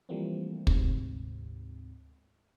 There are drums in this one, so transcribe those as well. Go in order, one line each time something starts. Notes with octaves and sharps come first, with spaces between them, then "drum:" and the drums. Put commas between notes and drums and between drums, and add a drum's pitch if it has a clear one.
E3 F3 G3 A3 A#3 C4
D2 G#2 C3, drum: kick